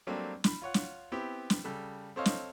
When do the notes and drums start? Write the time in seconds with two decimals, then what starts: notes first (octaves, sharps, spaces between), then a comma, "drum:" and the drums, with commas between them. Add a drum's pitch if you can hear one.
0.07 F#3 G3 A3 A#3 C4 D4
0.44 B5, drum: snare
0.62 F4 C#5 F#5
0.74 drum: snare
1.12 B3 C4 E4 G4
1.50 drum: snare
1.64 C#3 G3 A4
2.16 C4 A4 C5 C#5 D#5 F5
2.25 drum: snare